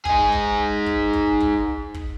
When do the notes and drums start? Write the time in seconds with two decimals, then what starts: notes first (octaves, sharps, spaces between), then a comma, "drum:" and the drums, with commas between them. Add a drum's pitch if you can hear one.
0.05 D#4 G#4, drum: kick
0.32 drum: kick
0.86 drum: kick
1.13 drum: kick
1.40 drum: kick
1.94 drum: kick